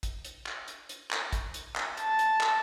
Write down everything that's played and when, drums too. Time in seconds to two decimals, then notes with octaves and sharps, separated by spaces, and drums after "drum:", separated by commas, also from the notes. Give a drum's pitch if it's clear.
0.03 drum: kick, hi-hat
0.25 drum: hi-hat
0.46 drum: clap
0.68 drum: hi-hat
0.89 drum: hi-hat
1.11 drum: clap
1.33 drum: kick, hi-hat
1.54 drum: hi-hat
1.76 drum: clap
1.97 A5, drum: hi-hat
2.19 drum: hi-hat
2.40 drum: clap